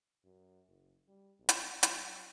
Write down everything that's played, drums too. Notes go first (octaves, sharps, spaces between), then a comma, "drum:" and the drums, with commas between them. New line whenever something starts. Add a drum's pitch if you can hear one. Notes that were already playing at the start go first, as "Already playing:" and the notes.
F#2
F#1
G3
B1
drum: hi-hat
F#3, drum: hi-hat